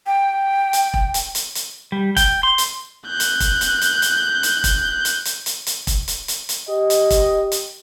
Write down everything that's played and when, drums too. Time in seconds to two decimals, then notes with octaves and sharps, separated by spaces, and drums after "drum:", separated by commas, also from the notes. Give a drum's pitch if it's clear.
0.07 G5
0.73 drum: hi-hat
0.94 drum: kick E1
1.14 drum: hi-hat
1.35 drum: hi-hat
1.55 drum: hi-hat
1.92 G3
2.17 G5, drum: kick E1, hi-hat
2.43 C6
2.58 drum: hi-hat
3.07 F#6 G6
3.20 drum: hi-hat
3.40 drum: kick E1, hi-hat
3.61 drum: hi-hat
3.81 drum: hi-hat
4.02 drum: hi-hat
4.43 drum: hi-hat
4.64 drum: kick E1, hi-hat
5.05 drum: hi-hat
5.25 drum: hi-hat
5.46 drum: hi-hat
5.66 drum: hi-hat
5.87 drum: kick E1, hi-hat
6.08 drum: hi-hat
6.28 drum: hi-hat
6.49 drum: hi-hat
6.69 G4 D#5
6.90 drum: hi-hat
7.10 drum: kick E1, hi-hat
7.52 drum: hi-hat